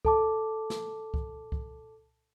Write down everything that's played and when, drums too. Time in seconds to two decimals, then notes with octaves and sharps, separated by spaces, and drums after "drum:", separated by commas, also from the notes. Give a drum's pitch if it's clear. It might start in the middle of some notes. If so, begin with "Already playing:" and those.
0.05 A4 A5 D6, drum: kick C2
0.70 drum: snare
1.14 drum: kick C2
1.52 drum: kick C2